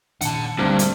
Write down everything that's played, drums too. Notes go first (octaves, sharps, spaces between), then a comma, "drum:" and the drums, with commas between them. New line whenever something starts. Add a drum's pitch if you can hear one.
A#2 D#3 D4 F#5 A5, drum: hi-hat
D2 G2 D3 A3 A#3 C4 D4
drum: hi-hat